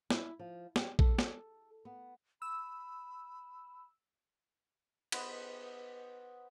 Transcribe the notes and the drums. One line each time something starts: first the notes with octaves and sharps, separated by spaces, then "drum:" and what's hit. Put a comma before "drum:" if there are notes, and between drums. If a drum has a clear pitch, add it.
E4, drum: snare
F3
G4, drum: snare
A4, drum: kick
drum: snare
B3
B5 E6
B3 B4 C5 D#5, drum: cymbal